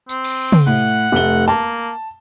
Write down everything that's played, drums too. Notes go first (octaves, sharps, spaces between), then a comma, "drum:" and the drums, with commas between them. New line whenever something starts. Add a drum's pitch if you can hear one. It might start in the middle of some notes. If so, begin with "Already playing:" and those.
C4, drum: tambourine
drum: cymbal
drum: tom
A2 F#5
F1 A3 G7
A#3 A5